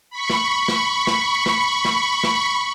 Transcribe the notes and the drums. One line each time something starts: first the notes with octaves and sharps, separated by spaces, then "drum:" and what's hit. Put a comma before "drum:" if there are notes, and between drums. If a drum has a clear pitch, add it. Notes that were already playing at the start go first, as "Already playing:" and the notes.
B5 C#6
drum: snare
drum: snare
drum: snare
drum: snare
drum: snare
drum: snare